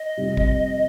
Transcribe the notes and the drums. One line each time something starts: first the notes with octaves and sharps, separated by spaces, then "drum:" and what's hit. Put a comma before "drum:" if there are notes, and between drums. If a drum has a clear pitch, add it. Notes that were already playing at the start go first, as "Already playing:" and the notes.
Already playing: D#5
F1 F2 C3 G3 C4
drum: kick